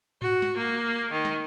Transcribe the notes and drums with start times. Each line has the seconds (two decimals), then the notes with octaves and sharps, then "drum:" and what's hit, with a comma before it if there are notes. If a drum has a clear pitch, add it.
0.22 F#4, drum: tom G#2
0.42 drum: snare
0.57 A#3
1.12 D#3
1.25 drum: snare